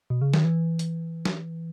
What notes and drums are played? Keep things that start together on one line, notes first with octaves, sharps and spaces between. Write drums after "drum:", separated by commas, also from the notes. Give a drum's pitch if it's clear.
B2
C#3
D#3, drum: snare
E3
drum: hi-hat
drum: snare